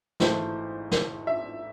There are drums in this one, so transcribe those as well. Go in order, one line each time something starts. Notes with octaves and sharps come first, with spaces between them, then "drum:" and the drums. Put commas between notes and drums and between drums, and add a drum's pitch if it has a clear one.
G#1 G#2 E3 A3 C5, drum: snare
drum: snare
E5